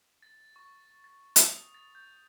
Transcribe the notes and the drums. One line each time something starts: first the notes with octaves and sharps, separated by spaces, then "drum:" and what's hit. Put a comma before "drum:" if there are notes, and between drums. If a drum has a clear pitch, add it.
A6
C#6
A6
D#6, drum: hi-hat
A6
G6